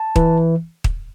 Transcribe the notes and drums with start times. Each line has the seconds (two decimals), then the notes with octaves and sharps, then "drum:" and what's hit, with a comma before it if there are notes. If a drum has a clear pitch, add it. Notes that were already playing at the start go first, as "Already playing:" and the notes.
Already playing: A5
0.16 E3, drum: kick
0.84 drum: kick